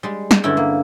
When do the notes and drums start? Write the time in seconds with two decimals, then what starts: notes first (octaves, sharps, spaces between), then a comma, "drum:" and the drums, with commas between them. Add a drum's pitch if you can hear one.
0.03 G3 G#3
0.31 drum: snare
0.43 G2 D3 C#4 E4 G5
0.57 A#3